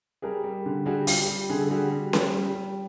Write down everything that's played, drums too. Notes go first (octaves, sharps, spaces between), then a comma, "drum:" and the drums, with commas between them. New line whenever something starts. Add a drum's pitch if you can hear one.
G3 G#4 A#4
G3
D3
G3 F#4 G#4
G3 F4 G4, drum: open hi-hat
G3
D3 G#4
A4
G3 F#4 G#4
G3
G3, drum: snare C#4
G3
G3